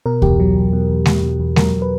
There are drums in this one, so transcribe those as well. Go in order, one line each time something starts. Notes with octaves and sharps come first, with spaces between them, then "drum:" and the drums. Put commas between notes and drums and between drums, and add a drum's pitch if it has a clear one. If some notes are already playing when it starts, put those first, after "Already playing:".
B2 A#4
E2 G4, drum: kick C2
F#3
E2
B2
E2
E2, drum: snare G#3
B2
E2
F#3 A#4, drum: snare G#3
E2
B4